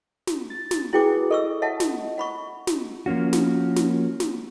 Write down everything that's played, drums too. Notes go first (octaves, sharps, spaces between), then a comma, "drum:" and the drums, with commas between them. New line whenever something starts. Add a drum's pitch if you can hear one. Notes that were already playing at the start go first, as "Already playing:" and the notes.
drum: snare
A6
drum: snare
E4 F#4 G#4 B4 G5 D6
A4 D#5 C#6 E6
D#5 E5 F#5 A5
drum: snare
F#5 B5 C#6
drum: snare
F3 A#3 C#4 F#4
drum: snare
drum: snare
drum: snare